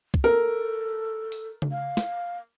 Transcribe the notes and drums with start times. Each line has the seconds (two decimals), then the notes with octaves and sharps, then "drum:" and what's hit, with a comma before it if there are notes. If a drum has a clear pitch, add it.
0.14 drum: kick
0.24 A4 A#4
1.32 drum: open hi-hat
1.62 drum: tom C#3
1.71 F5
1.97 drum: snare